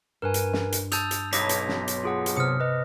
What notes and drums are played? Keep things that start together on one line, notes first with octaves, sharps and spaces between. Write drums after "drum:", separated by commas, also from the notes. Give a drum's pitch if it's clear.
G2 A#4 B4 G#5
drum: hi-hat
drum: snare
drum: hi-hat
A5 D#6 E6 G6 A6 F7, drum: hi-hat
drum: hi-hat
B1 C#5 D6 D#6 A#6 B6, drum: hi-hat
drum: hi-hat
drum: snare
drum: hi-hat
F4 G#4 F#5
drum: hi-hat
C3 D#6 F6 C#7
B4 D#5